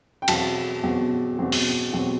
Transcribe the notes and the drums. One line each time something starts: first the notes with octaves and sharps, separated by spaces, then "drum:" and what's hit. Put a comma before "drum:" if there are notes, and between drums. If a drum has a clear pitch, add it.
G5
E2 B2 F#3 C4 A5, drum: cymbal
E2 B2 F#3 C4
E2 B2 F#3 C4
drum: open hi-hat
E2 B2 F#3 C4